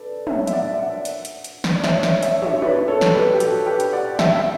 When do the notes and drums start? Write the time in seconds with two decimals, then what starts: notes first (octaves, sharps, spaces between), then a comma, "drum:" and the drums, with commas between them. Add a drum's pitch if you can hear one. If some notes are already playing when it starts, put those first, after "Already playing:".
Already playing: A4 B4 D5
0.27 C#5 E5, drum: tom
0.47 E5, drum: hi-hat
0.53 D5 F#5
0.74 E5
0.79 D5 F#5
1.05 drum: hi-hat
1.25 drum: hi-hat
1.44 drum: hi-hat
1.64 drum: snare
1.75 D5
1.84 C#5 E5, drum: snare
2.03 C#5 E5, drum: snare
2.23 C#5 E5, drum: hi-hat
2.42 C#5 E5, drum: tom
2.56 C#5
2.62 B4 D5, drum: tom
2.88 A4 C#5
3.01 drum: snare
3.14 G4 B4
3.34 G4
3.40 F#4 A4, drum: hi-hat
3.66 G4 B4
3.80 drum: hi-hat
3.93 D5 F#5
4.19 E5 G5, drum: snare
4.36 E5